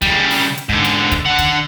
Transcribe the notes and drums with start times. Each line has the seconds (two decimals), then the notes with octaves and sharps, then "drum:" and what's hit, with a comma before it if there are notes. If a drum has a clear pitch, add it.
0.02 C#3 G3, drum: kick, hi-hat
0.30 drum: open hi-hat
0.57 drum: hi-hat
0.69 G#2 D3, drum: kick
0.84 drum: hi-hat
1.11 drum: kick, hi-hat
1.25 D3 F#5
1.38 drum: kick, hi-hat